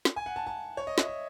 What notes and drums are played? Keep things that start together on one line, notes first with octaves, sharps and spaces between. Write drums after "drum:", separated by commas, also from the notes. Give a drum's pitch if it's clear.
drum: snare
G#5
F#5
A5
A5
C#5
D#5
E5, drum: snare
E5